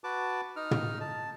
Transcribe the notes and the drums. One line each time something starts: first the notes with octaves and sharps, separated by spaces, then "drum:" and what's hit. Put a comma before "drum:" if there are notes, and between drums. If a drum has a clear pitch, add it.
F#4 B4 A5 D6
D#4 F6
drum: tom
A5